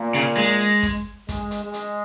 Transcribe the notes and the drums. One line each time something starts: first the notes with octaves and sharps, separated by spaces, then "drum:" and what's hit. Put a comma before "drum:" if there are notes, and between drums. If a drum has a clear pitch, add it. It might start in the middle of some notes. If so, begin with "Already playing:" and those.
Already playing: A#2
C#3
G#3
drum: hi-hat
drum: kick, hi-hat
G#3, drum: kick, hi-hat
drum: hi-hat
G#3
drum: hi-hat